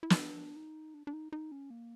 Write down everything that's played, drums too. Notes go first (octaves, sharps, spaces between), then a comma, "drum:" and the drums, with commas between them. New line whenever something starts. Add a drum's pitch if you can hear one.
E4
D#4, drum: snare
D4
D#4
D4
D4
D#4
D#4
C#4
A#3